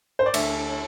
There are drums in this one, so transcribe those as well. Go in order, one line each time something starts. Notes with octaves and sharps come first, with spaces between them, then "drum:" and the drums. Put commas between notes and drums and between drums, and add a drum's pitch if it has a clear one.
C5
D5
D2 E5, drum: cymbal